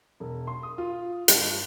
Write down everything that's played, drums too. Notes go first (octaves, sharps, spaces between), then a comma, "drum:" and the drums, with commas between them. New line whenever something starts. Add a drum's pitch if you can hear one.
E1
C6
D#6
F4
G2, drum: hi-hat